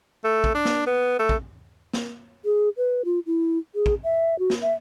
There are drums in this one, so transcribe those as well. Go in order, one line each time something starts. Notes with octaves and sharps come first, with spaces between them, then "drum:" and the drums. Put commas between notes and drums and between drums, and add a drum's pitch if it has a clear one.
A3
drum: kick
D4
drum: snare
B3
A3
drum: kick
drum: snare
G#4
B4
F4
E4
G#4
drum: kick
E5
F#4
drum: snare
E5